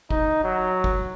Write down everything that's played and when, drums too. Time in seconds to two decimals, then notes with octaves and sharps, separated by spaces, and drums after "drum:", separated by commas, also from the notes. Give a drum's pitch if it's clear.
0.11 D#4, drum: kick G1
0.44 F#3
0.84 drum: kick G1